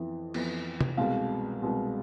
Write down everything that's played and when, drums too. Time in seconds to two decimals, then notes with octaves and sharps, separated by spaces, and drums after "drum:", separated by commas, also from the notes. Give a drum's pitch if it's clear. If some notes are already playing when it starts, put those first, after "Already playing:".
Already playing: F2 E3 B3
0.34 F2 E3 B3, drum: cymbal
0.81 drum: tom
0.97 C2 B2 G#3 B3 F5
1.62 C2 B2 G#3 B3